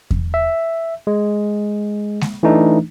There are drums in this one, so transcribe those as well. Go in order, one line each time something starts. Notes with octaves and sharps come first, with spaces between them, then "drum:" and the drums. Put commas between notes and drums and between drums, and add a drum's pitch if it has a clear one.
drum: kick E2
E5
G#3
drum: snare G#3
E3 A3 D4 D#4